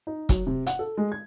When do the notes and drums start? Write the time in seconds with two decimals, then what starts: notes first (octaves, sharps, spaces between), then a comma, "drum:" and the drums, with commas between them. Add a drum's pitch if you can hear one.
0.07 D#4
0.29 F#3, drum: kick, hi-hat
0.46 C3
0.67 F#5, drum: hi-hat
0.79 A4
0.97 G#3
1.12 G#6